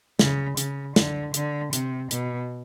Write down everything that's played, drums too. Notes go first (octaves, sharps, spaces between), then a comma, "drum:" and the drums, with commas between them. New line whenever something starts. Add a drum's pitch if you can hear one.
C#3, drum: snare
C#3, drum: hi-hat
D3, drum: snare
D3, drum: hi-hat
C3, drum: hi-hat
B2, drum: hi-hat